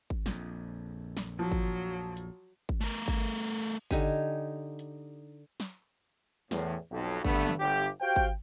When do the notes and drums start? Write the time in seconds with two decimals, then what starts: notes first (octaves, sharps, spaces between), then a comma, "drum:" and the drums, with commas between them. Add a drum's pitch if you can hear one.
0.10 drum: kick G#1
0.26 A#1 F2, drum: snare
1.17 drum: snare
1.39 F3 F#3
1.52 drum: kick G#1
2.17 drum: hi-hat
2.69 drum: kick G#1
2.81 A3 A#4
3.08 drum: kick G#1
3.28 drum: cymbal
3.91 D3 D#4 G4 G#5, drum: kick G#1
4.79 drum: hi-hat
5.60 drum: snare
6.51 E2 A2, drum: snare
6.91 B1 F2
7.25 G2 D3 A3 B3, drum: kick G#1
7.48 drum: tom
7.59 G1 G4
8.01 F#4 G4 C5 F5 G5
8.16 drum: kick G#1